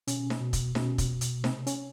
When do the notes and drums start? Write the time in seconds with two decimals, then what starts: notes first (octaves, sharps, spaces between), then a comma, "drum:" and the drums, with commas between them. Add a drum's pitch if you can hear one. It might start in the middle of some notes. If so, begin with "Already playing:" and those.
0.07 B2 C#4, drum: hi-hat
0.30 drum: snare D#4
0.41 B2
0.53 drum: kick, hi-hat
0.75 B2 C#4, drum: snare D#4
0.98 drum: kick, hi-hat
1.09 B2
1.21 drum: hi-hat
1.44 C3 C4, drum: snare D#4
1.67 C#4, drum: hi-hat